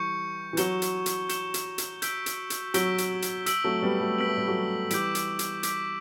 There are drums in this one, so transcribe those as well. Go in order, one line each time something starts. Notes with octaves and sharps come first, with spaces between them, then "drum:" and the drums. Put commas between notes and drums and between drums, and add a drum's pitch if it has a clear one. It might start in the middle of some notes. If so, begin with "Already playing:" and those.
Already playing: E3 G3 C#6 G6 C#7
E3
F#3 G6 C#7 E7 G7, drum: hi-hat
drum: hi-hat
drum: hi-hat
G6 C#7 E7 G7, drum: hi-hat
drum: hi-hat
drum: hi-hat
E6 G6 B6 D7 G7, drum: hi-hat
drum: hi-hat
drum: hi-hat
F#3 E6 G6 B6 D7 G7, drum: hi-hat
drum: hi-hat
drum: hi-hat
E6 B6 D7 F#7, drum: hi-hat
F#3 A3
G3 B3
F#3 A3
B3 E6 B6 D7 F#7
A3
G3
F#3 A3
E3 G3 D6 G6 B6 D7, drum: hi-hat
drum: hi-hat
drum: hi-hat
D6 G6 B6 D7, drum: hi-hat